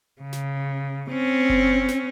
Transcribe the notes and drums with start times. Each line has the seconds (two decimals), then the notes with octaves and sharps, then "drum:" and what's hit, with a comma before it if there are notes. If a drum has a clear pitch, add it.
0.21 C#3
0.33 drum: snare
1.10 C4 C#4
1.49 drum: kick F#1
1.88 drum: snare